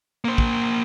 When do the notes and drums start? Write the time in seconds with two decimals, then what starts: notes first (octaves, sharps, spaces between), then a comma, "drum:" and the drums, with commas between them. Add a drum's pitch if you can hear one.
0.25 A#3 C5
0.38 drum: kick